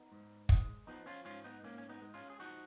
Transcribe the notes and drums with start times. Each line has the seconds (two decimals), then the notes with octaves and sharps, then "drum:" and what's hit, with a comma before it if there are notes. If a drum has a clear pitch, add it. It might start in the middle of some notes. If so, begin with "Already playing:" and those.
Already playing: B3 D#4
0.12 G#2
0.49 G#3, drum: kick
0.87 F3 B3 D#4
1.06 C#4 F4
1.25 G#2 C#4 F4
1.44 B3 D#4
1.64 G#2 A#3 C#4
1.78 C#4
1.89 B3 D#4
2.02 G#3
2.14 C#4 F4
2.30 G#4
2.39 F3 D#4 F#4